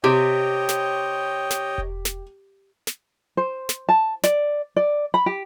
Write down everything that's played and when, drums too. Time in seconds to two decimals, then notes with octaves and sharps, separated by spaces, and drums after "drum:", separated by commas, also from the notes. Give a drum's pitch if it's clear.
0.04 C3 G4 C#5 D#5 G5
0.69 drum: snare
1.51 drum: snare
1.78 drum: kick E1
2.05 drum: snare
2.87 drum: snare
3.37 C5
3.69 drum: snare
3.89 A5
4.24 D5, drum: snare
4.76 D5
5.14 B5
5.26 G4